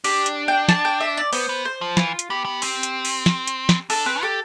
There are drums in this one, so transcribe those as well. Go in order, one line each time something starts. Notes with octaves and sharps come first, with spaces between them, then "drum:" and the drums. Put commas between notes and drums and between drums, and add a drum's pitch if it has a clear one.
D4 G4, drum: open hi-hat
drum: hi-hat
G5
A5, drum: snare
G5
E5
D5
B3 C5, drum: open hi-hat
B3
C5
F3
E3 F4, drum: snare
drum: hi-hat
B3 G4
B3
C4, drum: open hi-hat
drum: hi-hat
drum: open hi-hat
drum: snare
drum: hi-hat
drum: snare
D4 A4, drum: open hi-hat
C4 B4
G4 A4